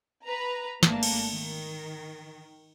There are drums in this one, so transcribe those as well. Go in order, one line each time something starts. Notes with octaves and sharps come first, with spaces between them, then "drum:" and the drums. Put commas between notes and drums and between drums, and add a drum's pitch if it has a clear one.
B4 A#5
G#1 A3 A#3 D4 A5, drum: snare
drum: cymbal
D#3